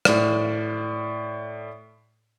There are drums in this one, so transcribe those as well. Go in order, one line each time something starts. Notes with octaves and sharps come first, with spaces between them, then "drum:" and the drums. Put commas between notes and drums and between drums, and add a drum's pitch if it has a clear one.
A2 D5, drum: rim click